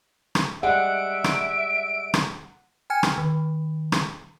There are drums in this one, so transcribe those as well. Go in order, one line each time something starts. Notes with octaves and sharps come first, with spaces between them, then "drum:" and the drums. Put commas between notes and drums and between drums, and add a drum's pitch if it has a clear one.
drum: rim click
G3 G#3 E5 F#5 D7
drum: rim click
drum: rim click
G5 G#5 F6 G#6 C#7
drum: rim click
D#3
drum: rim click